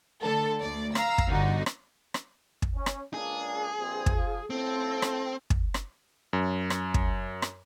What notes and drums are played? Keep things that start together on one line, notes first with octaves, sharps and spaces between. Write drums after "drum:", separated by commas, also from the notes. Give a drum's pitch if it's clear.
D3 A3 A4
D2 D5
F5 A#5 E6, drum: rim click
drum: kick
G1 D3 D#4 F#4
drum: rim click
drum: rim click
drum: kick
C#4
drum: rim click
C#2 A#3 D4 G#4
A#1 G2 C4
drum: kick
F3
A2 F3 C4 A4
drum: rim click
drum: kick
drum: rim click
F#2
drum: rim click
drum: kick
drum: rim click